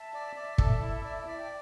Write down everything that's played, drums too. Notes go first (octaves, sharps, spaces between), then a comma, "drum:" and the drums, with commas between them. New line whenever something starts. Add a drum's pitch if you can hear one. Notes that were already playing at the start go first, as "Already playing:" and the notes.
Already playing: E5 A5
D5
D5
A4, drum: kick
E4
D5
D5 E5
G5